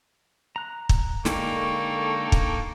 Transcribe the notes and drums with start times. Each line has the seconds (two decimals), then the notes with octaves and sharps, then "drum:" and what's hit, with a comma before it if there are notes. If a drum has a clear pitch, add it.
0.56 A#5 F#6
0.89 drum: kick
1.25 D3 G#3 A#3 D#4 A4 A#4 G5 C#6, drum: snare
2.32 drum: kick